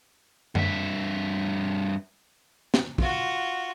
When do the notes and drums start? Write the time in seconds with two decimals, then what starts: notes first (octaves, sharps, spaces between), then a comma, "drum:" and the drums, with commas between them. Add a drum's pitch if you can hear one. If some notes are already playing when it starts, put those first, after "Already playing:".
0.55 G2 E5, drum: tom F#2
2.74 drum: snare
2.98 F4 F#4, drum: kick